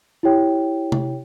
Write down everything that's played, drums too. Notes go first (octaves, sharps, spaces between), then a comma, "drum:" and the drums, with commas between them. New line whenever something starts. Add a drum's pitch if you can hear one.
E4 G4 C#5 G5
drum: tom C3